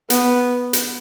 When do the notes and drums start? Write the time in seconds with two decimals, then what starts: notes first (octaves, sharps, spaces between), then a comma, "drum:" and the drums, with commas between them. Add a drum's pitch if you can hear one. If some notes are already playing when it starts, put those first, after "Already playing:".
0.10 B3, drum: hi-hat
0.73 drum: hi-hat